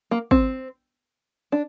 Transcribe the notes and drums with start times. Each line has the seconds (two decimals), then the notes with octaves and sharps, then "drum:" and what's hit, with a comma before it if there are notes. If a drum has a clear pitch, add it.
0.11 A#3
0.31 C4, drum: kick
1.52 D4